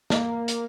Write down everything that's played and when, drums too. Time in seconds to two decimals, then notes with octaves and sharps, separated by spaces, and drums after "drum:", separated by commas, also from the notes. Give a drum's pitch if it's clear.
0.10 A#3, drum: snare
0.48 drum: hi-hat